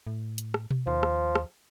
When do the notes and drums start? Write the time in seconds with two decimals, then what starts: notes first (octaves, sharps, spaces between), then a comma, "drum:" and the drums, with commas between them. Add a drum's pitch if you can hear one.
0.07 A2
0.38 drum: hi-hat
0.54 drum: rim click
0.71 drum: tom B2
0.87 D#2 F3
1.03 drum: rim click
1.35 drum: rim click